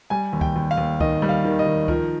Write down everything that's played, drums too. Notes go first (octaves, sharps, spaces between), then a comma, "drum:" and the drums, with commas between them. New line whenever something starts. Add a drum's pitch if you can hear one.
G3 G#5
D#2
G5, drum: kick C#2
D#2
F5
D#2
D#3 D#5, drum: kick C#2
G3
F5
D#3
D#5
D#3
F3 A#4, drum: kick C#2